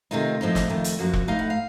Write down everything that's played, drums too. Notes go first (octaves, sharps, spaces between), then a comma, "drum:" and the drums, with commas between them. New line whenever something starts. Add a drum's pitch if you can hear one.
C3 D#3 A3 D#4 F4
A2 F3 C4 D#4
drum: snare
F2 D#3 A3 D#4
drum: hi-hat
F#2 F3 A#3 F#4
drum: kick E1
A2 A3 D#4 F5
F#5
F5